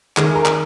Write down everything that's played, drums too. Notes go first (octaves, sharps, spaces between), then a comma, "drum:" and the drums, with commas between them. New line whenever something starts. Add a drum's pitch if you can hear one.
D#3 G#4, drum: clap
A#4
drum: clap